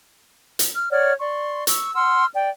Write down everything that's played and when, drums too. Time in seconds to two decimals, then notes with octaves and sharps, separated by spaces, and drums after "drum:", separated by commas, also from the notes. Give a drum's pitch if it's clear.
0.59 drum: hi-hat
0.74 F6
0.91 C#5 D5 F#5 F6
1.19 D5 C6 C#6
1.67 C#6 E6, drum: hi-hat
1.95 F#5 C6 E6 F6
2.35 D5 G5